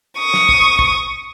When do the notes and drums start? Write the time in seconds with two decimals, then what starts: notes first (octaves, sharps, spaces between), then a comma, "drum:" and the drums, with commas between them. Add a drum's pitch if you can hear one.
0.19 C#6 D#6
0.34 drum: snare
0.49 drum: kick
0.79 drum: kick